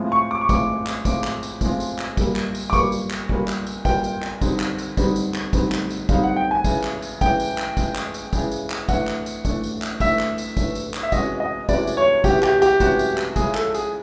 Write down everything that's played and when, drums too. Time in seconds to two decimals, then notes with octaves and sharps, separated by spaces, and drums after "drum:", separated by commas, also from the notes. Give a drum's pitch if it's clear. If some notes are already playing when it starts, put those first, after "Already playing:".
Already playing: A2 F3 G#3 C4 F4
0.12 C#6
0.31 D6
0.41 C#6
0.49 A2 F3 G#3 C4 F4 D6, drum: kick, tambourine
0.87 drum: clap
1.05 A2 F3 G#3 C4 F4 D6, drum: kick, tambourine
1.24 drum: clap
1.43 drum: tambourine
1.61 A2 F3 G#3 C4 F4, drum: kick, tambourine
1.80 drum: tambourine
1.99 drum: clap
2.17 A#2 G3 A#3, drum: kick, tambourine
2.36 drum: clap
2.55 drum: tambourine
2.70 D6
2.73 A#2 G3 A#3 C#6, drum: kick, tambourine
2.92 drum: tambourine
3.11 drum: clap
3.29 A#2 G3 A#3, drum: kick
3.48 drum: clap
3.67 drum: tambourine
3.85 A#2 G3 A#3 G5, drum: kick, tambourine
4.04 drum: tambourine
4.23 drum: clap
4.41 D3 G3 C4 D#4, drum: kick, tambourine
4.60 drum: clap
4.78 drum: tambourine
4.97 D3 G3 C4 D#4, drum: kick, tambourine
5.16 drum: tambourine
5.34 drum: clap
5.53 D3 G3 C4 D#4, drum: kick, tambourine
5.72 drum: clap
5.90 drum: tambourine
6.09 D3 G3 C4 D#4 F5, drum: kick, tambourine
6.23 F#5
6.36 G5
6.51 G#5
6.64 C#3 E3 G#3, drum: kick, tambourine
6.84 drum: clap
7.02 drum: tambourine
7.21 C#3 E3 G#3 G5, drum: kick, tambourine
7.40 drum: tambourine
7.58 drum: clap
7.77 C#3 E3 G#3, drum: kick, tambourine
7.96 drum: clap
8.14 drum: tambourine
8.33 C#3 E3 G#3, drum: kick, tambourine
8.52 drum: tambourine
8.70 drum: clap
8.89 E3 A3 D4 F#5, drum: kick, tambourine
9.08 drum: clap
9.26 drum: tambourine
9.45 E3 A3 D4, drum: kick, tambourine
9.63 drum: tambourine
9.82 drum: clap
10.00 E3 A3 D4 E5, drum: kick, tambourine
10.19 drum: clap
10.38 drum: tambourine
10.57 E3 A3 D4, drum: kick, tambourine
10.75 drum: tambourine
10.94 drum: clap
11.03 E5
11.12 C3 E3 G#3 C#4 F#4 D#5, drum: kick, tambourine
11.40 D#5
11.69 C3 E3 G#3 C#4 F#4 D5, drum: kick, tambourine
11.87 drum: tambourine
11.97 C#5
12.24 C3 E3 G#3 C#4 F#4 G4, drum: kick, tambourine
12.43 G4, drum: clap
12.62 G4, drum: tambourine
12.80 C3 E3 G#3 C#4 F#4, drum: kick, tambourine
12.99 drum: tambourine
13.18 drum: clap
13.36 C#3 F3 G#3 C#4 E4 G#4, drum: kick, tambourine
13.55 A4, drum: clap
13.74 G#4, drum: tambourine